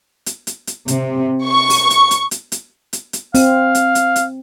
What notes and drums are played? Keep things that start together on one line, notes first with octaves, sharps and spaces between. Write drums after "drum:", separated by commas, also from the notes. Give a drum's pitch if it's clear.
drum: hi-hat
drum: hi-hat
drum: hi-hat
C3, drum: hi-hat
C#6
drum: open hi-hat
drum: hi-hat
drum: hi-hat
drum: hi-hat
drum: hi-hat
drum: hi-hat
drum: hi-hat
C4 F5, drum: open hi-hat
drum: hi-hat
drum: hi-hat
drum: hi-hat